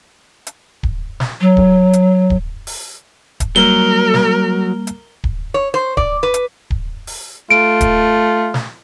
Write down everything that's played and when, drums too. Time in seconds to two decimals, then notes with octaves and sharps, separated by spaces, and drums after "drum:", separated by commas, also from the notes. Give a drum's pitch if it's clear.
0.47 drum: hi-hat
0.83 drum: kick D1
1.20 drum: snare
1.41 F#3
1.57 drum: kick D1
1.93 drum: hi-hat
2.30 drum: kick D1
2.67 drum: open hi-hat
3.40 drum: kick D1, hi-hat
3.56 F#3 G3 A#3 A#4 G7
4.14 drum: snare
4.87 drum: hi-hat
5.24 drum: kick D1
5.54 C#5
5.74 C5
5.97 D5, drum: kick D1
6.23 B4
6.34 drum: hi-hat
6.70 drum: kick D1
7.07 drum: open hi-hat
7.51 A3 F4 D7
7.81 drum: kick D1, hi-hat
8.54 drum: snare